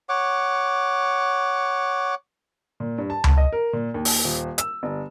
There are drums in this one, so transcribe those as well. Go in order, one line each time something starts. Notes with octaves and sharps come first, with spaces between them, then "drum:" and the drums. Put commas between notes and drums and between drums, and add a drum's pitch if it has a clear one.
C#5 F#5 D6
A#2
G2
A5
drum: tom C#2
D#5
A#4
A#2
D#2
drum: open hi-hat
D#1
E6, drum: hi-hat
G1